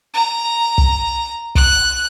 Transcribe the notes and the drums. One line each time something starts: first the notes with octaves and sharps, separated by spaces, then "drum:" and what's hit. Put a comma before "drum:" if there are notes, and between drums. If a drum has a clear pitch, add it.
A#5
drum: kick
F#6, drum: kick